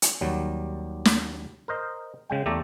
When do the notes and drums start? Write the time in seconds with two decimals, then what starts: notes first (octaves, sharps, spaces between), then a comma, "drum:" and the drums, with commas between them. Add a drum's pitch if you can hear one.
0.02 drum: hi-hat
0.21 D#2 F#3 G3
1.05 drum: snare
1.68 A#4 C5 D#5
2.30 C#3 G#3 G5
2.46 E2 A3 G4 D5 E5 A#5